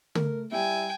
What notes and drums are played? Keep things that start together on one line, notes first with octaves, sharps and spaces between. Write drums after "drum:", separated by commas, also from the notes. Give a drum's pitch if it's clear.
A3 A#4, drum: tom
G3 E4 G5 G#5